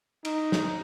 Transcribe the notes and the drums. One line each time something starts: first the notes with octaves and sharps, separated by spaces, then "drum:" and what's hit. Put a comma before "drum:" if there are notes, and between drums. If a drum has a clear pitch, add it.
D#4, drum: cymbal
drum: snare